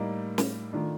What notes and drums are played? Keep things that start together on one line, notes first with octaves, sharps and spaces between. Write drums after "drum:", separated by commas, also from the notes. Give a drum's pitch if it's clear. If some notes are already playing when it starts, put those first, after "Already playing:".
Already playing: A2 G3 A#3 D#4
drum: snare
D#3 A3 D4 F4